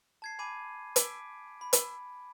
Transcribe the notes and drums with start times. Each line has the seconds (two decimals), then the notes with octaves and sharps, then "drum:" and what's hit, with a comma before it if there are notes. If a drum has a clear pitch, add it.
0.22 A5 G#6 C7
0.39 G#5 B5 D6 D#7
0.96 D6 B6 D7, drum: hi-hat
1.61 B5
1.73 drum: hi-hat